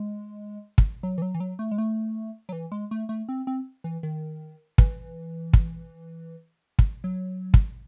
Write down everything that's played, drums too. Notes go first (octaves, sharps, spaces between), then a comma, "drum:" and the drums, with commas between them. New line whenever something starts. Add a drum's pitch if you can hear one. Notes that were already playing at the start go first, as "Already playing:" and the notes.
Already playing: G#3
drum: kick
F#3
E3
F#3
E3
F#3
A3
G#3
A3
F#3
E3
G#3
A3
A3
C4
C4
E3
D#3
E3, drum: kick
drum: kick
drum: kick
F#3
drum: kick